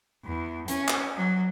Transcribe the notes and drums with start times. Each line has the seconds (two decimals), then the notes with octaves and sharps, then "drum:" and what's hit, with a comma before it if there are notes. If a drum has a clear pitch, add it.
0.25 E2
0.68 C#4, drum: hi-hat
0.88 drum: clap
1.17 F#3